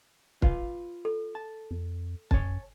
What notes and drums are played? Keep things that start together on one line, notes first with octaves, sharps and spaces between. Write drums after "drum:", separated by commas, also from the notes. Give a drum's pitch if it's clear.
F4 B4 F5, drum: kick
A4
A5
F2
F#2 C#5 G#5 A5, drum: kick